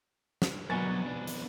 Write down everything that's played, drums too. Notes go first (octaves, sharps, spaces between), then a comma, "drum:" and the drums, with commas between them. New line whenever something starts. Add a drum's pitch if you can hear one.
drum: snare
B2 F#3 D4 F#4 A#4 B4 G#5 A6
F2 B3
D4
drum: hi-hat